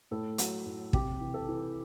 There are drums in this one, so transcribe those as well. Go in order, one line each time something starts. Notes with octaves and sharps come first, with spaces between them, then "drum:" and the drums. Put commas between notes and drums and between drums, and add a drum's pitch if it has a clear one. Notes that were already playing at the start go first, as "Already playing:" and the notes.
A2 A4
F#3, drum: hi-hat
A2
C3 G4, drum: kick
E3
A4
E3